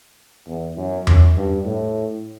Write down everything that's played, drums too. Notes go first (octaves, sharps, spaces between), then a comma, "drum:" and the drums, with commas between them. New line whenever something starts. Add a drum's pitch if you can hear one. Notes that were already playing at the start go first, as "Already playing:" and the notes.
E2
F#2
F#2, drum: tom E2
G2
A2